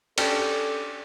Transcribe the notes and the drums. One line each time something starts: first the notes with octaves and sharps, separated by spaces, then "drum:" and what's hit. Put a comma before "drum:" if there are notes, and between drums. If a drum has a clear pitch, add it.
C#4 D4 G4 A4, drum: cymbal